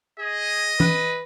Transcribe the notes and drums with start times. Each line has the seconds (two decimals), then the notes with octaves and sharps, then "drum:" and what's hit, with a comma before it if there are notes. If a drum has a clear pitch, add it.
0.20 G#4 D#5
0.80 B4, drum: tom E3